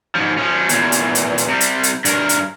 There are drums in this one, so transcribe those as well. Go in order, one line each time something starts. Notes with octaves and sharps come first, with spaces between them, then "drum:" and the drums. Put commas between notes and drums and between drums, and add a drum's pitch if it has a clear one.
G#2 F3
F3 C#4
E2 A#2, drum: hi-hat
drum: hi-hat
drum: hi-hat
drum: hi-hat
C3 G3
drum: hi-hat
drum: hi-hat
G2 A#4, drum: hi-hat
drum: hi-hat